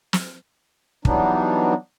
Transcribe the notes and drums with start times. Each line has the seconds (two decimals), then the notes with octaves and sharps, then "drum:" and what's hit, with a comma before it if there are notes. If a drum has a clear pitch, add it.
0.13 drum: snare
1.05 E3 F#3 G3 B3 D4 D#4, drum: kick